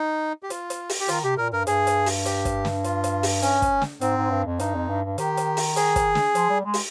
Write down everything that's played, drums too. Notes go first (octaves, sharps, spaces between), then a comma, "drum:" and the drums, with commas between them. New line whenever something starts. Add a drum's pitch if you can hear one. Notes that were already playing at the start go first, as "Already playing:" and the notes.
Already playing: D#4
G4
F4, drum: hi-hat
drum: hi-hat
drum: open hi-hat
G4
D#3 F4, drum: hi-hat
C3 G4
A#2 A#4
G2 A#4
G2 G#4, drum: hi-hat
drum: hi-hat
drum: open hi-hat
G4, drum: hi-hat
drum: kick, hi-hat
drum: snare
F4, drum: hi-hat
drum: hi-hat
drum: open hi-hat
C#4, drum: hi-hat
drum: kick, hi-hat
drum: snare
G#2 C4, drum: hi-hat
G#2
G2
F2
G2 D#4, drum: hi-hat
F2
G2
G2
D#3 G4, drum: hi-hat
drum: hi-hat
drum: open hi-hat
G#4, drum: hi-hat
drum: kick, hi-hat
drum: snare
F3, drum: hi-hat
G3
G#3
drum: open hi-hat